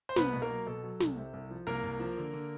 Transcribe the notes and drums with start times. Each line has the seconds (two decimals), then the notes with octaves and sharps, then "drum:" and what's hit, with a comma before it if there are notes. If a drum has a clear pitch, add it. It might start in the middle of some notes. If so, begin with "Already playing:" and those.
0.09 C5
0.16 C2 B3 B4, drum: snare
0.33 B2
0.42 A#3 A#4
0.50 F#3
0.67 B2 A4
0.84 F#3
1.00 C2, drum: snare
1.17 C3
1.33 C2
1.50 F3
1.67 C2 A#3 A#4
1.84 C2
2.00 F3
2.17 D3
2.33 D3